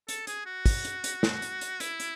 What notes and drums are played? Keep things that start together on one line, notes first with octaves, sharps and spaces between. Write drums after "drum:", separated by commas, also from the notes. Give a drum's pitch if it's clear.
A4, drum: hi-hat
G#4, drum: hi-hat
F#4
drum: kick, open hi-hat
drum: hi-hat
drum: hi-hat
drum: snare
drum: hi-hat
drum: hi-hat
E4, drum: hi-hat
drum: hi-hat